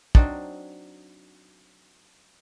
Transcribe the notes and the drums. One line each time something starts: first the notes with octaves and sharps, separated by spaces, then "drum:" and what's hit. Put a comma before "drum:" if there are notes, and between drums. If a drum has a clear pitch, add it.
F#3 C4 D4 D#4, drum: kick